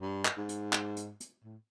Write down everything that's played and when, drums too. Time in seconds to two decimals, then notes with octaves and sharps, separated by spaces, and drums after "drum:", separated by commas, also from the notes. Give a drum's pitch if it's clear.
0.01 G2
0.25 drum: clap
0.37 G#2
0.49 drum: hi-hat
0.73 drum: clap
0.97 drum: hi-hat
1.20 drum: hi-hat
1.44 A2